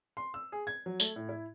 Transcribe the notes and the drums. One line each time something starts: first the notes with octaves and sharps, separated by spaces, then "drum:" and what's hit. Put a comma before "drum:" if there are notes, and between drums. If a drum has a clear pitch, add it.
C6
E6
G#4
G#6
F#3
A3, drum: tambourine
A2
E4